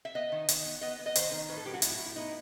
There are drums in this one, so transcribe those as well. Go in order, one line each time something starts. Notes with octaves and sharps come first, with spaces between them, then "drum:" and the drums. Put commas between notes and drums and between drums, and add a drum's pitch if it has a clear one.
E5
B3 D#5
D#3
D#3, drum: hi-hat
B3
B3 D#5
B3
D#5
D#3 C5, drum: hi-hat
D#3
A2 B4
A4
F#3 G4
F#4
A2 E4, drum: hi-hat
A2
E4
B3 D#4